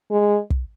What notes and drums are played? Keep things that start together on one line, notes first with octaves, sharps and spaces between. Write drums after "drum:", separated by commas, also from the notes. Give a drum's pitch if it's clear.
G#3
drum: kick